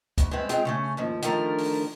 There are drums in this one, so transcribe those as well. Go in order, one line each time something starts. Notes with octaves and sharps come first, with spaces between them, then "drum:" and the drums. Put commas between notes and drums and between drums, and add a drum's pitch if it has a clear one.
D2, drum: kick, hi-hat
G2 G#3 B3 C4 E5
G#3 C4 F4 G#4 G5, drum: hi-hat
C#3 A3 C#4
D#2 G#2 F3
D3 D#3 F3 A3 A#4, drum: hi-hat
drum: open hi-hat